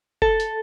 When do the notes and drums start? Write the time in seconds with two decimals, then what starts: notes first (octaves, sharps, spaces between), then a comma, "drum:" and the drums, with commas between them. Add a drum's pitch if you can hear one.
0.22 A4, drum: kick F#1
0.40 drum: hi-hat